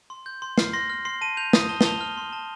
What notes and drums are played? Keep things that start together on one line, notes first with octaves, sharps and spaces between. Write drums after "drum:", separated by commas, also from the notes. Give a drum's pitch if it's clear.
C6
G6
C6
F6 C7, drum: snare
C6 A#6
F6
C6 C7
A5 D#7
G6 F7
D#6, drum: snare
A5 G7
G7, drum: snare
A5 F7
F6
C6
A5